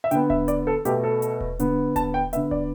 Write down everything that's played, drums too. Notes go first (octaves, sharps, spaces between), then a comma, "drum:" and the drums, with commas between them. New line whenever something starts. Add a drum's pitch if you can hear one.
E5
D3 B3 G5, drum: hi-hat
E5, drum: kick D#1
D5, drum: hi-hat
A4
B2 A3 G4, drum: hi-hat
A4
drum: hi-hat
drum: kick D#1
D3 B3, drum: hi-hat
A5, drum: kick D#1, hi-hat
G5
D3 B3 E5, drum: hi-hat
D5, drum: kick D#1